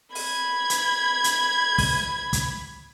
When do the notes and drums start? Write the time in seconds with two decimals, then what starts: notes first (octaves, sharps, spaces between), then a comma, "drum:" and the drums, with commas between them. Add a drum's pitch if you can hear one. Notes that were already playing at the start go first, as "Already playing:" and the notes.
0.15 B5 G#6, drum: open hi-hat
0.70 drum: hi-hat
1.24 drum: hi-hat
1.78 drum: kick, open hi-hat
2.33 drum: kick, hi-hat